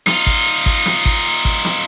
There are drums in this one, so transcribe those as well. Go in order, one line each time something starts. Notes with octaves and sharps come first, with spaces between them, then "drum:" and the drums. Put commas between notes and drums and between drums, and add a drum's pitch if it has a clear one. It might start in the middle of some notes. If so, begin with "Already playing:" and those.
D#4 F4, drum: snare
drum: kick G#1, hi-hat
drum: hi-hat
drum: kick G#1, hi-hat
drum: snare
drum: kick G#1, hi-hat
drum: kick G#1, hi-hat
drum: snare